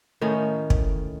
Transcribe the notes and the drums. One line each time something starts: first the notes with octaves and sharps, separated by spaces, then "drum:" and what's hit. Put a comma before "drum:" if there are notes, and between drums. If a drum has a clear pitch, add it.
A2 D#3 C#4 D#4
drum: kick